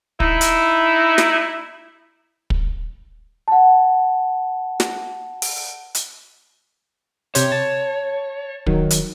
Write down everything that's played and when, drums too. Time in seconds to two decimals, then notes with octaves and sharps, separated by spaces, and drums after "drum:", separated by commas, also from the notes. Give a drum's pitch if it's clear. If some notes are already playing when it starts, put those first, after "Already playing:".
0.20 D#4 E4, drum: kick
0.41 drum: hi-hat
1.18 drum: snare
2.50 drum: kick
3.48 F#5 A5
4.80 drum: snare
5.42 drum: open hi-hat
5.95 drum: hi-hat
7.35 C3 G4 C5 C#5, drum: hi-hat
7.52 A5
8.66 D#3 F#3, drum: kick
8.90 drum: hi-hat